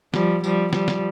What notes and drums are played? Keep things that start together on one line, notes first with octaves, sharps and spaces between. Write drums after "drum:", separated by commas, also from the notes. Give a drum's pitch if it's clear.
F3 G3, drum: snare
F3 G3, drum: tambourine
F3 G3, drum: snare
drum: snare